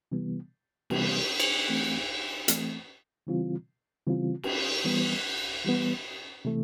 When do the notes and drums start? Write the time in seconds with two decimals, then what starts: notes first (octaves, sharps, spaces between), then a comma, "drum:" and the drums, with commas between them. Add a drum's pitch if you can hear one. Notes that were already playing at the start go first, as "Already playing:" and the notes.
0.12 C3 E3 G3 B3
0.90 C3 E3 G3 B3, drum: cymbal
1.40 drum: cymbal
1.69 E3 A3 C4
2.48 E3 A3 C4, drum: hi-hat
3.27 C#3 E3 G3 C4 F4
4.07 C#3 E3 G3 C4 F4
4.43 drum: cymbal
4.85 E3 G3 B3
5.65 E3 G3 B3
6.45 C3 E3 A3